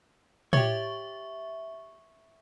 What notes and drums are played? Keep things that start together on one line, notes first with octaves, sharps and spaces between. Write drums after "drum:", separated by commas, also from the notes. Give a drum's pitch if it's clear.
G4 C#5 E5 C#6, drum: tom